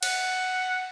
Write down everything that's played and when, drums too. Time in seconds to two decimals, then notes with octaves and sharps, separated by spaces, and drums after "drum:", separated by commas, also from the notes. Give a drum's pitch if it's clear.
0.03 F#5, drum: cymbal